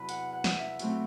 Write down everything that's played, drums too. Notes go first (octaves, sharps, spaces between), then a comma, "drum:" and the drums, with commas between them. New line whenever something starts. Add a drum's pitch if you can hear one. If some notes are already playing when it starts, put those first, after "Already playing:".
Already playing: E2 C3 F#3 B4
F#5, drum: hi-hat
F#5
drum: snare
E5
B2 F#3 A3 C4, drum: hi-hat